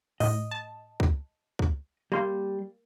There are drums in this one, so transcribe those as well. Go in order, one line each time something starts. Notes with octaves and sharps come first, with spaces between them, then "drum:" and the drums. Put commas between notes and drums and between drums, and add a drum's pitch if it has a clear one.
A2 D#5, drum: open hi-hat
A5
drum: kick C#2
drum: kick C#2
G3 A#3 C6